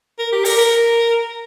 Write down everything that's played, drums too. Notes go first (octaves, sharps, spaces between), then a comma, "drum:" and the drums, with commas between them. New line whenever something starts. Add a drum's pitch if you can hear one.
A#4
G4
A#4, drum: open hi-hat
A#4